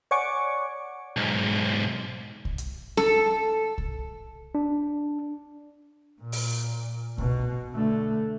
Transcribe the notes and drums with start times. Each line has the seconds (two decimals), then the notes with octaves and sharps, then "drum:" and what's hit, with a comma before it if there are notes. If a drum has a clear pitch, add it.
0.11 C#5 D5 F#5 G#5 C#6 D6
1.17 B1 G#2
2.45 drum: kick C2
2.58 drum: hi-hat
2.97 A4, drum: snare
3.78 drum: kick C2
4.55 D4
6.21 A#2
6.32 drum: open hi-hat
7.18 B2, drum: kick C2
7.73 D3 A3